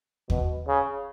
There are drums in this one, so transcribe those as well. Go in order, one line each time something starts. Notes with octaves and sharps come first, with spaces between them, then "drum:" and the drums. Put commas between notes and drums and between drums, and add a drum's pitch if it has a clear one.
B2, drum: kick
C#3